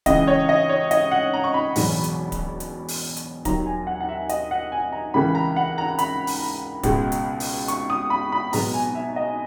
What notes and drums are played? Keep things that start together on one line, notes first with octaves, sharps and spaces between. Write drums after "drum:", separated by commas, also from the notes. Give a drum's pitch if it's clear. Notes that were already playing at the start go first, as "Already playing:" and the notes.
C#2 C#3 E3 D#5, drum: kick D1, hi-hat
C#5
D#5
C#5
D#5, drum: hi-hat
F#5
A#5
C#6
B5
E1 E2 B2 F#3, drum: open hi-hat
drum: hi-hat
drum: kick D1, hi-hat
drum: hi-hat
drum: open hi-hat
drum: hi-hat
D#2 D#3 F#3 A#5, drum: kick D1, hi-hat
G#5
F#5
F#5
E5
D#5, drum: hi-hat
F#5
G#5
A#5
C#2 C#3 E3 A#3 B5
A#5
F#5
A#5
B5, drum: hi-hat
drum: open hi-hat
C#2 B2 G#3, drum: kick D1, hi-hat
drum: hi-hat
drum: open hi-hat
C#6, drum: hi-hat
D#6
B5
B5
B1 B2 G#3 B3 A#5, drum: open hi-hat
G#5
E5
D#5